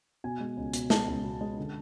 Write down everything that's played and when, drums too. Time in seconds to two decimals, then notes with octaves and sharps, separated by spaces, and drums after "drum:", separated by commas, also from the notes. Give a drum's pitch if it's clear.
0.24 B2 G#5
0.40 G#3
0.57 C#2
0.74 B2, drum: hi-hat
0.90 G#3 A5, drum: snare
1.07 C#2
1.24 B2
1.41 G#3
1.58 D3